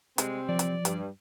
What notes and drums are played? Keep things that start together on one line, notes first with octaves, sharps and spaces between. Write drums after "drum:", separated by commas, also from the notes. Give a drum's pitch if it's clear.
C3 G3 G#3 C4, drum: hi-hat
F3 D5
drum: hi-hat
G2, drum: hi-hat